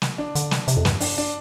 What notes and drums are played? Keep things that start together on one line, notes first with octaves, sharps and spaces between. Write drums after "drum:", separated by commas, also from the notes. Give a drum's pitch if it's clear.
drum: snare
D4
D3, drum: hi-hat
drum: snare
C3, drum: hi-hat
F2
G2, drum: snare
D4, drum: open hi-hat
D4